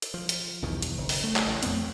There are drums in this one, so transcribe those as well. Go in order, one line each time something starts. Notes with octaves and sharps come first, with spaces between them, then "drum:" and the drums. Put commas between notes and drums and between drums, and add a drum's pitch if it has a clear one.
drum: hi-hat
F3
drum: hi-hat
B1 E2 G2 D#3
drum: hi-hat
F#1
drum: open hi-hat
A3
drum: clap
A1
F2 A3 B3 C4, drum: hi-hat